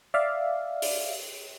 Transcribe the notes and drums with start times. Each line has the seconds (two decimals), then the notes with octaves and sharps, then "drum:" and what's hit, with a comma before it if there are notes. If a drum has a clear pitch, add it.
0.14 D5 E5 F5
0.82 drum: open hi-hat